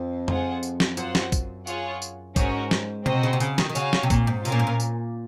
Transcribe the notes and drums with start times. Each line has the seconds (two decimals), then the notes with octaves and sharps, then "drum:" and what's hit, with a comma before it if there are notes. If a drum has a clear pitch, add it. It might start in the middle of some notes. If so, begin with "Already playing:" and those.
Already playing: F2
0.28 F4 G#4 C5 F#5, drum: tom F2
0.63 drum: tambourine
0.80 drum: snare
0.97 F#2 F4 C5 F#5, drum: tambourine
1.15 drum: snare
1.32 drum: kick, tambourine
1.67 F4 G#4 C#5 F#5, drum: tambourine
2.02 drum: tambourine
2.36 G#2 C#4 F#4 A#4, drum: kick, tambourine
2.71 drum: snare
3.06 C3 C4 F#4 C5 D#5, drum: tom B2
3.23 C#3
3.33 C3
3.40 C#3, drum: tambourine
3.58 D#3, drum: snare
3.69 D#3
3.75 C#3 F#4 C#5 F5 G#5, drum: tambourine
3.93 drum: snare
4.03 C3
4.10 A#2, drum: kick, tambourine
4.27 G#2
4.45 C3 C#4 F4 A#4 F5 G#5, drum: tambourine
4.52 A#2
4.59 G#2
4.67 A#2
4.80 drum: tambourine